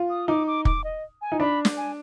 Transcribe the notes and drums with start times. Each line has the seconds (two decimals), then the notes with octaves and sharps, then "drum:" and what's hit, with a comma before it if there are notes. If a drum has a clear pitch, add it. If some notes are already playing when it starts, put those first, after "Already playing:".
Already playing: F4
0.10 D#6
0.28 D#4 D6
0.47 D6
0.65 D6, drum: kick
0.84 D#5
1.22 G#5
1.32 D#4
1.40 D4 B5
1.65 drum: snare
1.77 G#5